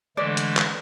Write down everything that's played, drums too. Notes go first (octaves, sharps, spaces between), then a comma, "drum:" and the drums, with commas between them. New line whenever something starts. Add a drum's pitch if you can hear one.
D3 E3 G#3 A3 D5
drum: hi-hat
drum: clap